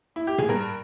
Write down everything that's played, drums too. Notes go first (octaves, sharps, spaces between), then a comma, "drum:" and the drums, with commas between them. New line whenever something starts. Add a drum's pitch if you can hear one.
E4
G4
G#4, drum: tom
G2 A#4